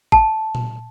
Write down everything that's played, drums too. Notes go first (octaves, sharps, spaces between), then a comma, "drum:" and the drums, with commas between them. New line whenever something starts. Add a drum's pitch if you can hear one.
A5, drum: kick A1
drum: tom A#2